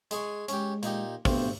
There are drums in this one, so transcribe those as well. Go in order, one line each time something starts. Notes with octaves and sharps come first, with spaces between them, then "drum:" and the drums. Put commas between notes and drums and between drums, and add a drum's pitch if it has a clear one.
G#3 G#4 C#6, drum: hi-hat
G#3 C#4 G4, drum: hi-hat
A#2 D#4 G4, drum: hi-hat
D2 G2 B3 C4, drum: kick, open hi-hat